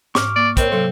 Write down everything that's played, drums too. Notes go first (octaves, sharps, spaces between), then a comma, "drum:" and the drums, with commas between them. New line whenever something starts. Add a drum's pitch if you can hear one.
G#2 C#6 D6 F6, drum: snare
A#3 D5
C4 A#4 C#5 D#5 B5, drum: kick, hi-hat
C3 F#3 A4 C6